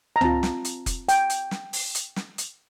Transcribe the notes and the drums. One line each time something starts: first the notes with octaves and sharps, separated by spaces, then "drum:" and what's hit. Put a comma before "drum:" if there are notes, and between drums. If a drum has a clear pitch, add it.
A#5
C4 F4 A5, drum: tom
drum: snare
drum: hi-hat
drum: kick F1, hi-hat
G5, drum: hi-hat
drum: hi-hat
drum: snare
drum: open hi-hat
drum: hi-hat
drum: snare
drum: hi-hat